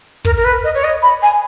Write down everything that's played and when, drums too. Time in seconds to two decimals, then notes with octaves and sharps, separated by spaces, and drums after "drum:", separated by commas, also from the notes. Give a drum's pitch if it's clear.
0.25 A#4, drum: kick
0.36 A#4
0.44 B4
0.64 D#5
0.74 C#5
0.84 D#5
1.02 B5
1.22 G#5